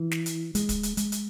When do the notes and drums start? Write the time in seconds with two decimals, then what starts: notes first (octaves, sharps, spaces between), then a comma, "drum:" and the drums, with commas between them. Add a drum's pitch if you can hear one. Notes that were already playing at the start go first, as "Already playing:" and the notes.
Already playing: E3
0.11 drum: snare
0.26 drum: hi-hat
0.55 G#3, drum: hi-hat
0.69 drum: kick, hi-hat
0.83 drum: hi-hat
0.97 G#3, drum: hi-hat
1.12 drum: hi-hat